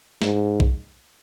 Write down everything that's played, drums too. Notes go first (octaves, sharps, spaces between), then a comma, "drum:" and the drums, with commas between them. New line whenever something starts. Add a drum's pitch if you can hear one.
G#2, drum: snare
drum: kick